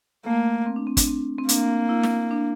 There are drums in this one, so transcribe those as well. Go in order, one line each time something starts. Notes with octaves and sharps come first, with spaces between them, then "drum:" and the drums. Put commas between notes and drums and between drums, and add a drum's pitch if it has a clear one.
A3 A#3
C4
D4
C4
D4, drum: kick, hi-hat
C4
C4
A#3 D4, drum: hi-hat
E4
drum: snare
D4